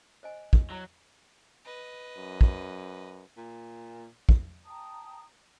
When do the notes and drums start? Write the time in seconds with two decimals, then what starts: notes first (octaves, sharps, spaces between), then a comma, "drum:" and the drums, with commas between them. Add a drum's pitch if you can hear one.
0.23 C5 D#5 G#5
0.53 drum: kick
0.70 F#3 E4
1.65 B4 D#5
2.17 F#2
2.41 drum: kick
3.37 A#2
4.29 drum: kick
4.65 G5 A5 A#5 D#6